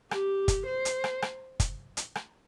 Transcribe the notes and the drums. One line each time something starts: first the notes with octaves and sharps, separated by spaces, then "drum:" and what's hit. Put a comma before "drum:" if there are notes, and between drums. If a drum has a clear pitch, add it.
G4, drum: rim click
drum: kick, hi-hat
C5
drum: hi-hat
drum: rim click
drum: rim click
drum: kick, hi-hat
drum: hi-hat
drum: rim click